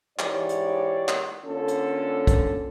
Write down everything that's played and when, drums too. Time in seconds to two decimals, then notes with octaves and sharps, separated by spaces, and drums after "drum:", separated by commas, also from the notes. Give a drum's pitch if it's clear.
0.19 G#2 E3 G4 C#5 D5, drum: clap
0.49 drum: hi-hat
1.08 drum: clap
1.45 D3 A#3 C#4 F4 A4
1.68 drum: hi-hat
2.27 drum: kick, hi-hat